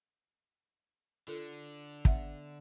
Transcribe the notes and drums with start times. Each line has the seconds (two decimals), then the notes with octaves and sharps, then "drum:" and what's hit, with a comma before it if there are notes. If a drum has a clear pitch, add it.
1.28 D3 F4 A4 A#4
2.05 B3 E5 F#5, drum: kick